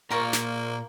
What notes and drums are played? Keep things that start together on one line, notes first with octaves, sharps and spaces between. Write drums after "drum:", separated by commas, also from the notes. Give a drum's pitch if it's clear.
A#2 A#3 F4 A#4 A#5 C#6
drum: snare